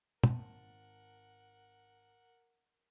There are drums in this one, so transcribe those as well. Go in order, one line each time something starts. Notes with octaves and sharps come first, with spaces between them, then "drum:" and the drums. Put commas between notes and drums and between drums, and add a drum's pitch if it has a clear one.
G#1 A#4 F#5 A5, drum: tom